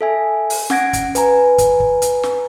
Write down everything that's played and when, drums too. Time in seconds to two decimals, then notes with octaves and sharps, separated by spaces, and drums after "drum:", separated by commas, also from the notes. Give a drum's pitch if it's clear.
0.01 A4 E5 G#5
0.50 drum: open hi-hat
0.70 C#4 F#5 G#6 A#6 D7, drum: snare
0.93 drum: kick, hi-hat
1.15 B4 G#5 A#5, drum: hi-hat
1.58 drum: kick, hi-hat
1.80 drum: kick
2.02 drum: hi-hat
2.23 drum: snare